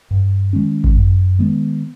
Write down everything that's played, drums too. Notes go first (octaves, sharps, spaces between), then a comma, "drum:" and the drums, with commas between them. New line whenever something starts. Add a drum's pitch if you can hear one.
G2
D#3 G#3 C#4
drum: kick G#1
F#2
D#3 G#3 B3